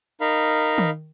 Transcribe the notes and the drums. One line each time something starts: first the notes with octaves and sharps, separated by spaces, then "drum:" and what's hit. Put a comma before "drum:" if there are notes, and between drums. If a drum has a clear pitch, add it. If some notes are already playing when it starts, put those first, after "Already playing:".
D#4 A#4 F5 B5
drum: tom D#3